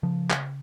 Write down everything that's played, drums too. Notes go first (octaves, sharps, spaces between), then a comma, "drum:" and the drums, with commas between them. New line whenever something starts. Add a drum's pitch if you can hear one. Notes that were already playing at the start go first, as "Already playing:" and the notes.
C#3 F3
drum: clap